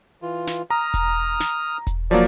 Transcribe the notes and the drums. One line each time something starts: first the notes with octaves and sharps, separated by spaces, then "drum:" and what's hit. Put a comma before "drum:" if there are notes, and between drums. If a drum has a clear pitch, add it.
E3 F4
drum: snare
A#5 D#6 F6
drum: kick E1, hi-hat
drum: snare
drum: kick E1, hi-hat
F3 F#3 A#3 D5